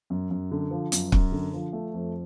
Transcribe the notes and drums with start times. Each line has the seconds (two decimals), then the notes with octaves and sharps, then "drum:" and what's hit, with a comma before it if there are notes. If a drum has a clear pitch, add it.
0.10 F#2
0.30 F#2
0.52 D3
0.71 F3
0.92 F#2, drum: hi-hat
1.12 F#2, drum: kick
1.32 D3
1.54 F3
1.73 A3
1.94 F2